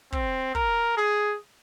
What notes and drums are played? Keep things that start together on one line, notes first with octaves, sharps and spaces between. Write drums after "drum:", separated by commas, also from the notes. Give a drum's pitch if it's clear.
C4, drum: kick
A#4, drum: kick
G#4